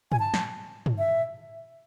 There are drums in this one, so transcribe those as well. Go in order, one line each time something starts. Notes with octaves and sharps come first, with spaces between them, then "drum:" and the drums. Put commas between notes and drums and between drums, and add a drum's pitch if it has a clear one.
G#5, drum: tom
A5
drum: snare
drum: tom
E5